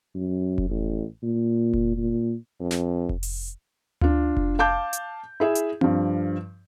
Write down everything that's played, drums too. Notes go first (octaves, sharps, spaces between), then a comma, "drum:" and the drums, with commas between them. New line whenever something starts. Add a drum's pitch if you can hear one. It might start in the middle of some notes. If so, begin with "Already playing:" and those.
F#2
drum: kick F1
A1
A#2
drum: kick F1
A#2
F2
drum: snare
drum: kick F1
drum: open hi-hat
D4 F4, drum: tom D2
drum: kick F1
F5 A5 D6 G6
drum: hi-hat
E4 G#4 E5
drum: hi-hat
G2 F3, drum: tom C4